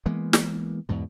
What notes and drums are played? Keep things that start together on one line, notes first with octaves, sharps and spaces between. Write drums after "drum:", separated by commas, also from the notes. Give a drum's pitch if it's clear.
E3 G#3 A#3 B3
drum: snare
E2 G#2 B2